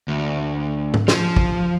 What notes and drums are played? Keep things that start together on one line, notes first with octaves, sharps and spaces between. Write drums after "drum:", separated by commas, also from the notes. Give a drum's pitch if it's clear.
D2
drum: tom
F3, drum: snare
drum: kick